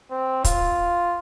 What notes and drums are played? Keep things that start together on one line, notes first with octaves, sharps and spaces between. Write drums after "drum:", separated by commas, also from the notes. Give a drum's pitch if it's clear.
C4
F4, drum: kick, hi-hat